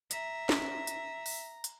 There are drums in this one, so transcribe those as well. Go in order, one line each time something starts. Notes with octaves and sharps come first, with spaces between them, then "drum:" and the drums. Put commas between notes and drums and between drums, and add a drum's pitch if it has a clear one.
E5 A#5, drum: hi-hat
drum: snare
drum: hi-hat
drum: open hi-hat
drum: hi-hat